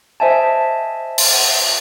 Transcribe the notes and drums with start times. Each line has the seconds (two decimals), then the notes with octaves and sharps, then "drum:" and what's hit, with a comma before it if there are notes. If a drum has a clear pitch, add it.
0.20 C5 D#5 E5 G#5 A5
1.18 drum: open hi-hat